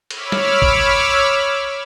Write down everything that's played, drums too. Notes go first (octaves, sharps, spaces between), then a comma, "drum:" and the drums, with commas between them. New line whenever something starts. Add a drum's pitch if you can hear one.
C#5 B5 D6 E6 F6, drum: cymbal
drum: snare
drum: kick A1